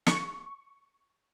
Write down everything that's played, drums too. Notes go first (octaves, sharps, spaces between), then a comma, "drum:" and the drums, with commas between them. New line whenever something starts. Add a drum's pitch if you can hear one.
C#6, drum: snare